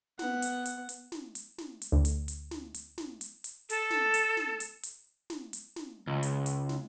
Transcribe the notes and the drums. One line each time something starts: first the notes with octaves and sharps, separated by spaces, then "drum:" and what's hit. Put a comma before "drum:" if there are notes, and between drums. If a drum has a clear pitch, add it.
B3 F#5, drum: snare
drum: hi-hat
drum: hi-hat
drum: hi-hat
drum: snare
drum: hi-hat
drum: snare
drum: hi-hat
D2
drum: hi-hat
drum: hi-hat
drum: snare
drum: hi-hat
drum: snare
drum: hi-hat
drum: hi-hat
A4, drum: hi-hat
drum: snare
drum: hi-hat
drum: snare
drum: hi-hat
drum: hi-hat
drum: snare
drum: hi-hat
drum: snare
C#2
drum: hi-hat
drum: hi-hat
drum: snare